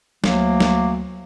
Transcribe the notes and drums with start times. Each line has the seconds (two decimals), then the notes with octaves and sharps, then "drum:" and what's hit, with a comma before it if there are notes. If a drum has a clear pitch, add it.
0.24 D2 F#3 A#3, drum: snare
0.60 drum: snare